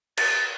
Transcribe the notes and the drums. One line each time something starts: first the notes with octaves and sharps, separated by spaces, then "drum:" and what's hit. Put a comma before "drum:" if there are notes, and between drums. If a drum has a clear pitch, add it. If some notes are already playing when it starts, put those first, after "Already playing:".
A6, drum: cymbal